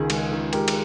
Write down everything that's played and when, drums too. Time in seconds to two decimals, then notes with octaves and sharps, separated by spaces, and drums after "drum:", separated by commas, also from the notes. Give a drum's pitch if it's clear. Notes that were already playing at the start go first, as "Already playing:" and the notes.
Already playing: C#2 D#3 G#4
0.10 G#3, drum: cymbal
0.32 D#3
0.53 G#3 G4 A#4, drum: cymbal
0.68 drum: cymbal